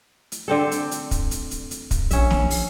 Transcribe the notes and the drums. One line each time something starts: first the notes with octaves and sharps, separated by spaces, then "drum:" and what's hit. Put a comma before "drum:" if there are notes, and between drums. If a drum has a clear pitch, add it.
drum: hi-hat
D3 C4 A4
drum: hi-hat
drum: hi-hat
drum: kick, hi-hat
drum: hi-hat
drum: hi-hat
drum: hi-hat
drum: kick, hi-hat
A#1 C#4 E5, drum: hi-hat
drum: snare
drum: open hi-hat